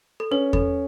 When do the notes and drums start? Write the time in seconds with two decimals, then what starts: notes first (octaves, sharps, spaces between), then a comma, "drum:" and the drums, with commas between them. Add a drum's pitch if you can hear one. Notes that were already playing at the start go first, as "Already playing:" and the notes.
0.20 A4
0.31 C#4 B4
0.53 A4, drum: kick E2